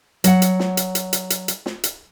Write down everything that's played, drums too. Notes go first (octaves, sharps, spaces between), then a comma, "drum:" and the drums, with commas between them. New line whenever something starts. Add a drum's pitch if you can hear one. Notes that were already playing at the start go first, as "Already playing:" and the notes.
F#3 F#5, drum: hi-hat
drum: hi-hat
drum: snare
drum: hi-hat
drum: hi-hat
drum: hi-hat
drum: hi-hat
drum: hi-hat
drum: snare
drum: hi-hat